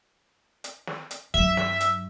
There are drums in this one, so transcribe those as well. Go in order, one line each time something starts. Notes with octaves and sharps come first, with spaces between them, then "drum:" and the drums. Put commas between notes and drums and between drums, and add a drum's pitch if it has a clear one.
drum: hi-hat
drum: snare
drum: hi-hat
G2 F#3 E5, drum: kick
drum: snare
drum: hi-hat